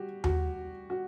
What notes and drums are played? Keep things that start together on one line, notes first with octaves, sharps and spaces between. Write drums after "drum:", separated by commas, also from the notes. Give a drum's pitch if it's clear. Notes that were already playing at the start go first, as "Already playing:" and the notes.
Already playing: G3 F#4 G4
F#4, drum: tom D#2
F#4